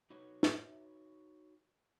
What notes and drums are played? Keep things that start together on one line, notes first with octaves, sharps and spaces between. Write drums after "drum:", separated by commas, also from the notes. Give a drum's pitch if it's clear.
D#4 F#4 B4 C#5
drum: snare